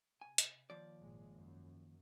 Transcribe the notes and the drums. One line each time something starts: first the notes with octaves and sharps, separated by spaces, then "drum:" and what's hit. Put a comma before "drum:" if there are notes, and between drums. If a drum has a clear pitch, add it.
C3 G#5
drum: hi-hat
D#2 F3 D5
G#1 A#2 G#3
F#2